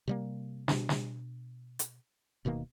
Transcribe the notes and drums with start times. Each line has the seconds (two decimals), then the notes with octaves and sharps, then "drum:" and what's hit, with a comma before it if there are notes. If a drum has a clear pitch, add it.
0.08 C3 G3 A#3
0.68 B2 D4, drum: snare
0.89 drum: snare
1.79 drum: hi-hat
2.45 D1 B2 D#3 A#3